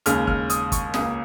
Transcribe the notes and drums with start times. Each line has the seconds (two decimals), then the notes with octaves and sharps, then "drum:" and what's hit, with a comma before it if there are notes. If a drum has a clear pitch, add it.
0.06 D#2 C#3 G#3 F6, drum: hi-hat
0.27 F6, drum: kick
0.50 D#6, drum: hi-hat
0.72 C#6, drum: kick, hi-hat
0.94 C#2 C#3 A#3 D#6, drum: snare